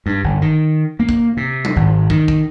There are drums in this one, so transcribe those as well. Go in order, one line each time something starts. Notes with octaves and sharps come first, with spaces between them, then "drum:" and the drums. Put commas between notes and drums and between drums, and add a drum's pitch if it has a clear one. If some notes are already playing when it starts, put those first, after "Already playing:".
G2
G1
D#3
A#3
drum: kick
C3
drum: tom F#3
G#1
D#3, drum: kick
drum: kick